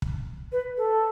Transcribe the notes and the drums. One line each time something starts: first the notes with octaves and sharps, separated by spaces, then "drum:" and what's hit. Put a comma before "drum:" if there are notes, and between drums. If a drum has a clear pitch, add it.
drum: kick
B4
A4